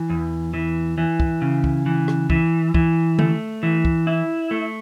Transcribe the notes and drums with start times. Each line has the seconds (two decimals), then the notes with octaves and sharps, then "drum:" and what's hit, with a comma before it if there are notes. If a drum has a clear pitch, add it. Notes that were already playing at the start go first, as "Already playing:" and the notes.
Already playing: E3
0.10 E2
0.54 E3
0.98 E3
1.20 drum: kick
1.42 C#3
1.64 drum: kick
1.86 E3
2.08 drum: rim click
2.30 E3, drum: kick
2.74 E3, drum: kick
3.19 A3, drum: tom D3
3.63 E3
3.85 drum: kick
4.07 E4
4.51 A3